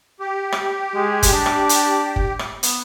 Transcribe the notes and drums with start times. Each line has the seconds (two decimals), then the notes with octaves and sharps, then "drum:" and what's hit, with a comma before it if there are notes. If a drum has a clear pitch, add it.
0.20 G4
0.52 drum: rim click
0.95 G#3
1.23 drum: kick F#1, hi-hat
1.32 D4
1.46 drum: rim click
1.69 drum: hi-hat
2.16 drum: kick F#1
2.39 drum: rim click
2.63 B3, drum: hi-hat